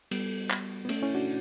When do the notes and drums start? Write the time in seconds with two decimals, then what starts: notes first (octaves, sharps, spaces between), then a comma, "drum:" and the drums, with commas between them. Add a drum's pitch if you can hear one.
0.11 G3 B3, drum: cymbal
0.50 drum: clap
0.85 B3
0.89 A3 C#4, drum: cymbal
1.02 C#4 E4
1.15 D4 F#4